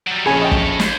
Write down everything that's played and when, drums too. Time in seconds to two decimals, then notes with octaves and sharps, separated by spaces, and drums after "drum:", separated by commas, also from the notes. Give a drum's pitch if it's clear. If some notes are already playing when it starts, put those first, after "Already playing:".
0.07 F#3 G3
0.26 A#1 C#3 G#4 A4 C#5 G#5 B5
0.42 D#5 G5
0.52 drum: kick
0.79 D#2, drum: snare